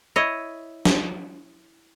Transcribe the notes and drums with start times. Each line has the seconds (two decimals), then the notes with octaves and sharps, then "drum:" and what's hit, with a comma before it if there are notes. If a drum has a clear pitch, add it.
0.16 E4 C#5 D#5
0.85 drum: snare